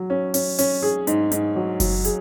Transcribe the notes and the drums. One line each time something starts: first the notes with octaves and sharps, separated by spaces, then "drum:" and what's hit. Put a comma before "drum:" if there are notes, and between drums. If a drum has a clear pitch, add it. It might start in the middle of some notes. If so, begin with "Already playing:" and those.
Already playing: F#3
C#4
C#4, drum: open hi-hat
C#4, drum: open hi-hat
G#4
G#2, drum: hi-hat
G#2, drum: hi-hat
F#3
F#3, drum: kick F#1, open hi-hat
G#4, drum: hi-hat